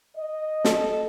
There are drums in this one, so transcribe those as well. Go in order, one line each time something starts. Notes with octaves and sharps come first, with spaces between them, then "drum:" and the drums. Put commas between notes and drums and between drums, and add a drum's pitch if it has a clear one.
D#5
A4, drum: snare